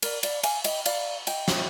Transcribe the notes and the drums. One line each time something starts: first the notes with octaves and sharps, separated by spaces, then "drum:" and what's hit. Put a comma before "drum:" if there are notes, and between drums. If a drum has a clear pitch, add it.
A#4 D5, drum: cymbal
D5 F5, drum: cymbal
F5 G#5, drum: cymbal
D#5 G5, drum: cymbal
D5 F5, drum: cymbal
D#5 G5, drum: cymbal
drum: snare